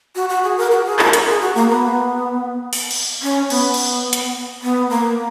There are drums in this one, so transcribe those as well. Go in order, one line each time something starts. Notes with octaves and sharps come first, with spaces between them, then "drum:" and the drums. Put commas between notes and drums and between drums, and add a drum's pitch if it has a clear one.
F#4
F#4
G#4
A#4
F#4
G#4
A#4, drum: clap
A#4, drum: hi-hat
G#4
F#4
A#3
B3
drum: open hi-hat
drum: cymbal
C#4
B3, drum: cymbal
drum: cymbal
drum: hi-hat
B3
A#3